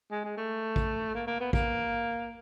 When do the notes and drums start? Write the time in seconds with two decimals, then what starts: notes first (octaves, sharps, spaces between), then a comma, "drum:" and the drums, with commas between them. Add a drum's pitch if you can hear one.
0.11 G#3
0.24 G#3
0.37 A3
0.76 drum: kick
1.15 A#3
1.27 A#3
1.40 B3
1.53 A#3, drum: kick